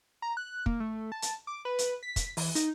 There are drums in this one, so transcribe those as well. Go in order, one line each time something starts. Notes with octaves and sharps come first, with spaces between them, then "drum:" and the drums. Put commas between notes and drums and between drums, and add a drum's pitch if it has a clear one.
A#5
F#6
A#3, drum: kick
A3
A5
drum: hi-hat
D6
B4
drum: hi-hat
B6
drum: kick, hi-hat
E3, drum: open hi-hat
D#4, drum: hi-hat